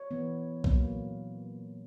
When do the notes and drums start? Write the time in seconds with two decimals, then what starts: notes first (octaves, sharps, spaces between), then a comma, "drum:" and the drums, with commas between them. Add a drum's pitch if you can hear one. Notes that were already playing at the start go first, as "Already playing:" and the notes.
Already playing: C#5
0.11 E3 B3
0.64 A#2 F#3 A#3, drum: kick B1